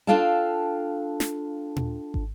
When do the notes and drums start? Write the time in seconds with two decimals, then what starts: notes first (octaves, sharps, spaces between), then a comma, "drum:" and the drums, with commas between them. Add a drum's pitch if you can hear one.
0.07 D4 F4 A4 F5 G5 A5
1.20 drum: snare
1.76 drum: tom A#2
2.14 drum: kick